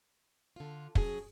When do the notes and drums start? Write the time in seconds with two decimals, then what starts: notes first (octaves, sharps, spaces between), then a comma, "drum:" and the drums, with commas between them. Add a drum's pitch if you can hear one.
0.56 D3 F4
0.95 F#3 C#4 G#4, drum: kick